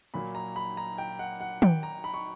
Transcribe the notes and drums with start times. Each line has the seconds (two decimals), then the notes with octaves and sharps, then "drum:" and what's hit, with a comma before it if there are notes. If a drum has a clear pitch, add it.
0.14 A#2 F#3 A#3 B5
0.35 A#5
0.56 B5
0.77 A#5
0.98 G5
1.19 F#5
1.41 F#5
1.62 G5, drum: tom
1.83 A#5
2.04 B5
2.14 C#6